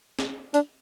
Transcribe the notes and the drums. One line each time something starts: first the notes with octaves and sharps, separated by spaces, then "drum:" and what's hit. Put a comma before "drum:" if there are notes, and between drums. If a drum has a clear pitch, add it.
drum: snare
D4, drum: hi-hat